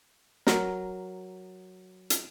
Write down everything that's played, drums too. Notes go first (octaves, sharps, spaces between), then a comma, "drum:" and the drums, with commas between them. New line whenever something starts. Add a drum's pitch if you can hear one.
F#3 A#4, drum: snare
drum: hi-hat